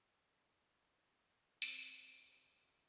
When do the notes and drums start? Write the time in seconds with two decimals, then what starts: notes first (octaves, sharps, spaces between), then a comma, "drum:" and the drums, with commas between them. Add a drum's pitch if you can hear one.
1.62 C4, drum: tambourine